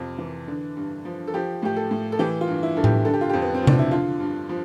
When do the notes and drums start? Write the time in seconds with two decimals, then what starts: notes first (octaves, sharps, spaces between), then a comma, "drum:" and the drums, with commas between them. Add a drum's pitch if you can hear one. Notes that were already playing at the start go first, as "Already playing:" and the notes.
Already playing: F2 C3 F4
0.18 E3
0.48 D3
0.77 G2
1.05 F3
1.27 A4
1.34 F3 G4
1.62 A2 G4
1.76 A4
1.91 A2
2.12 A4
2.19 E3 G4
2.41 F4
2.48 G2
2.63 E4
2.77 G2 A4
2.84 G4, drum: tom A2
3.05 D3 A4
3.14 G4
3.21 F4
3.30 F2 G4
3.42 B3
3.54 C4
3.62 F3
3.67 D4, drum: tom C3
3.79 E4
3.91 D3 F4
4.20 G2
4.49 F3